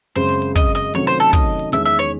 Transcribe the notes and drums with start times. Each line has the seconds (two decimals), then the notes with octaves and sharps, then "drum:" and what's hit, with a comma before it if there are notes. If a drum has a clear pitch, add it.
0.16 F#2 C#3 G#3 C4 C5, drum: hi-hat
0.29 drum: hi-hat
0.42 drum: hi-hat
0.56 D#5, drum: kick, hi-hat
0.75 D#5
0.94 C3 D#3 F#3 A3 C#4 C#5, drum: hi-hat
1.07 C5, drum: hi-hat
1.20 A4, drum: hi-hat
1.33 D#5, drum: kick, hi-hat
1.59 drum: hi-hat
1.72 E2 D#3 G#3 C#4 E5, drum: hi-hat
1.85 E5
1.99 C#5